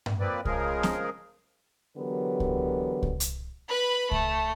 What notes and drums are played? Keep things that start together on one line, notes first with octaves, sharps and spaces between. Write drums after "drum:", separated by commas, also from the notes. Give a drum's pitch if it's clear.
drum: tom G2
F3 A#3 C4 B4 D5
C#3 F3 G#3 G#4 A#4, drum: kick C2
drum: snare
D3 E3 F#3 B3 G4 A#4
drum: kick C2
drum: kick C2
drum: hi-hat
B4 B5
A3, drum: kick C2